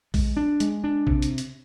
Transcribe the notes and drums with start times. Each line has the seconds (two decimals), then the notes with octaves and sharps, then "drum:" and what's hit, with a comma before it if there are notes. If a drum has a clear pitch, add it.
0.14 G#3, drum: kick A#1, open hi-hat
0.37 D4
0.60 G#3, drum: hi-hat
0.84 D4
1.07 C3, drum: kick A#1
1.22 drum: hi-hat
1.38 drum: hi-hat